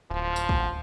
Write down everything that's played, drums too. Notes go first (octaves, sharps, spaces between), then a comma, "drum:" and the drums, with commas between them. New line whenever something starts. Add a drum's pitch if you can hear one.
D1 F3
drum: tambourine
drum: kick